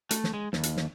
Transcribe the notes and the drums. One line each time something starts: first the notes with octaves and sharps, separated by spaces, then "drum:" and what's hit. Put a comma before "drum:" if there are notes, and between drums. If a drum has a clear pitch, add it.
A3, drum: hi-hat
drum: snare
G#3
D#2, drum: snare
drum: hi-hat
drum: snare